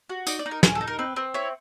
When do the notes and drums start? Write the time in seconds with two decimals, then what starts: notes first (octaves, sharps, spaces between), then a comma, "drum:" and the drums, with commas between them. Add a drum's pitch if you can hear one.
0.10 F#4
0.27 D#4 D5, drum: tambourine
0.39 D5
0.46 D#4
0.51 A#4
0.63 G#4 A#4, drum: snare
0.75 A4
0.81 D#4
0.88 A#4
0.99 C4 B4
1.16 C4
1.34 E4 C#5